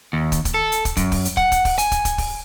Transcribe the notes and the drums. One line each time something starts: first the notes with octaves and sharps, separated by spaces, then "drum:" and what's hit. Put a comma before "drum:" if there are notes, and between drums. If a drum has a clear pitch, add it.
D#2
drum: kick, hi-hat
drum: kick, hi-hat
A4
drum: hi-hat
drum: kick, hi-hat
F#2, drum: kick, hi-hat
drum: kick, open hi-hat
drum: hi-hat
F#5, drum: kick
drum: kick, hi-hat
drum: kick, open hi-hat
G#5, drum: hi-hat
drum: kick, hi-hat
drum: kick, hi-hat
drum: kick, open hi-hat